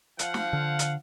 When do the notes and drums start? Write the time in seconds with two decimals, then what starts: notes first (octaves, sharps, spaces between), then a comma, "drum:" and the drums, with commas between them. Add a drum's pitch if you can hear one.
0.19 F3 F5 F#5, drum: hi-hat
0.34 drum: snare
0.53 D3
0.79 drum: hi-hat